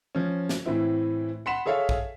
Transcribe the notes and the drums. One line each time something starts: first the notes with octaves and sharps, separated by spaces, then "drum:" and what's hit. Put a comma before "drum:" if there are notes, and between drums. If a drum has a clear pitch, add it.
F3 C#4
drum: snare
A2 E3 C4 E4
F#5 B5 C6 B6 E7
G#4 A4 C#5 E5 F5
drum: kick A#1